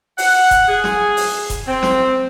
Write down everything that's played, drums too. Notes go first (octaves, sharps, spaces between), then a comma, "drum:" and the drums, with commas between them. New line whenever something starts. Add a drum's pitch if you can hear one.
F#5, drum: open hi-hat
drum: kick E1, hi-hat
G#4
drum: snare
drum: open hi-hat
drum: kick E1, hi-hat
C4
drum: snare